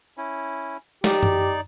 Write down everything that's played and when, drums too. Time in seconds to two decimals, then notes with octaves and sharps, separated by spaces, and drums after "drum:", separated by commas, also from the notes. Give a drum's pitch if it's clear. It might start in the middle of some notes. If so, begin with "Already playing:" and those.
0.17 C#4 E4
1.04 D#4 G4 D5, drum: snare
1.23 drum: tom F#2